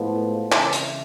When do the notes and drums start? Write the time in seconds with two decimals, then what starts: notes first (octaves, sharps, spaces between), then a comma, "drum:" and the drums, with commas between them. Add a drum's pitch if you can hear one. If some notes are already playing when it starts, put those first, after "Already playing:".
Already playing: A2 F3 G#3 B3
0.52 C#3 E3 G#3 D5, drum: clap
0.73 drum: hi-hat